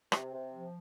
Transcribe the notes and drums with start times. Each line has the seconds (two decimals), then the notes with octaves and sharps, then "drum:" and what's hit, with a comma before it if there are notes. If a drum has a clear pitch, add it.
0.12 C3, drum: rim click
0.32 C3
0.52 F3